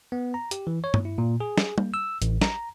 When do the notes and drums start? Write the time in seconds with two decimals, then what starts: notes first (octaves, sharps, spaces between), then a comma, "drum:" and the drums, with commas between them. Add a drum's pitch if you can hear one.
0.12 B3
0.34 A#5
0.51 G4, drum: hi-hat
0.67 E3
0.84 C#5
0.94 drum: tom G2
1.05 E4
1.18 A#2
1.40 G#4
1.58 drum: snare
1.78 A#3, drum: tom G3
1.94 E6
2.22 A1, drum: hi-hat
2.41 A#5, drum: snare